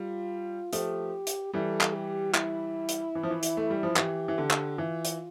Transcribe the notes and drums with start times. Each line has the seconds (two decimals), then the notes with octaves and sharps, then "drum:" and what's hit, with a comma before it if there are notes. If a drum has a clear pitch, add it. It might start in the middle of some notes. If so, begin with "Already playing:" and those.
Already playing: G3 F4
0.73 F3 A3 G4, drum: hi-hat
1.27 drum: hi-hat
1.53 E3 G3 A4
1.81 drum: clap
1.94 G4
2.35 E4, drum: clap
2.89 drum: hi-hat
3.15 E3
3.23 F3
3.31 E3
3.43 drum: hi-hat
3.57 A3
3.70 G3
3.83 F3
3.96 E3 G4, drum: clap
4.28 E3
4.38 D3
4.51 drum: clap
4.77 E3 F4
5.05 drum: hi-hat